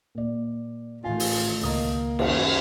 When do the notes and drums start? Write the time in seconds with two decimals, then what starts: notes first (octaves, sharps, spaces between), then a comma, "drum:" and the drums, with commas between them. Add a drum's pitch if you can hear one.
0.15 A#2 D5
1.04 A1 D#3 A3 F4 G#5
1.20 drum: open hi-hat
1.63 C#2 A#3 D#5 A#5 D#6
2.19 F#2 D#3 C#4 C5, drum: cymbal